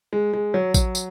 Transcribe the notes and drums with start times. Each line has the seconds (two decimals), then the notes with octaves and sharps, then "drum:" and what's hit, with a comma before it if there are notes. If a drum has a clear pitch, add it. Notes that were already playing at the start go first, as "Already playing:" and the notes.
0.13 G#3
0.33 G#3
0.54 F#3
0.74 F#3, drum: kick A1, tambourine
0.95 drum: tambourine